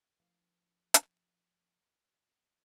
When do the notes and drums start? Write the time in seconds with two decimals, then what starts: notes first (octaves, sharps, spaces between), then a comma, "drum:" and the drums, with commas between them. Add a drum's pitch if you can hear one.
0.20 F3 A3 C#4 E4 B4 F5
0.94 drum: hi-hat